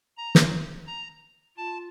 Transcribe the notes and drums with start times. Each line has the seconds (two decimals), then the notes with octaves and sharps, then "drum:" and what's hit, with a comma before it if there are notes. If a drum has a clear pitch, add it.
0.17 A#5
0.35 drum: snare
0.87 A#5
1.56 F4 A5